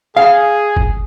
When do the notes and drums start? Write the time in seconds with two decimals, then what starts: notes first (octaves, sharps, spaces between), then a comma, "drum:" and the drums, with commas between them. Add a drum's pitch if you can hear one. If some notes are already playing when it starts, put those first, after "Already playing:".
0.17 G#4 F5
0.77 drum: kick F#1